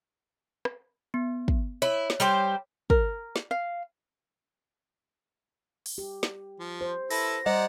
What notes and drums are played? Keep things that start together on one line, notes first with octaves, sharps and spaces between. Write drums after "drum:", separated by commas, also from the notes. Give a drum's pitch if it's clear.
drum: rim click
B3
drum: kick
E4 C#5, drum: hi-hat
drum: snare
G3 G4 C5
A#4, drum: kick
drum: snare
F5
drum: open hi-hat
G4
drum: snare
F3
C5
E4 A4 B4 A#6, drum: open hi-hat
G3 C5 D5 D#5 F#5 A#5